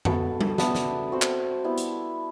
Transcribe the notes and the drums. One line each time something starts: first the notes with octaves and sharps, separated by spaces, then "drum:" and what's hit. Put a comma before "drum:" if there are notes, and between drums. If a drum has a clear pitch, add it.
B3 F#4 A4, drum: tom F2
drum: tom G3
B3 D4 A4 E5, drum: snare
drum: snare
C4 F#4 C5
drum: clap
G3 B3 E4
drum: hi-hat